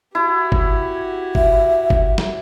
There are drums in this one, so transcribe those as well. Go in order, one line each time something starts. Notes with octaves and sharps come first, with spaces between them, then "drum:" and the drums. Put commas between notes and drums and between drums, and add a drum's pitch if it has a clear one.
E4 F#4 G4
drum: kick G1
E5, drum: kick G1
drum: kick G1
drum: snare